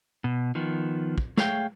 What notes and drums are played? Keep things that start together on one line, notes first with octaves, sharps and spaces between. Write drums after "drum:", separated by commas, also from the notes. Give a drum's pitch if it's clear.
B2
D#3 F3 B3
drum: kick
A3 G#4 C#5 F5 G5, drum: snare